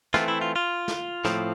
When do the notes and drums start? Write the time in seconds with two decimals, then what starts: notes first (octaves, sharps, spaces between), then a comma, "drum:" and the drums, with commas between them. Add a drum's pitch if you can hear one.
0.14 E3 A3 C4 F4, drum: snare
0.28 E4
0.41 F4
0.56 F4
0.88 drum: snare
1.25 A2 F3 C4, drum: snare